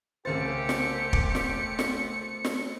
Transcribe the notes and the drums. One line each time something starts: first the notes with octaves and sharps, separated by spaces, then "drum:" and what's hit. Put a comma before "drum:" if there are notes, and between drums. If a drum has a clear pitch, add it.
C2 C#3 A3 G4 A#4 C5 A6 C#7
drum: snare
drum: kick
drum: snare
drum: snare
drum: snare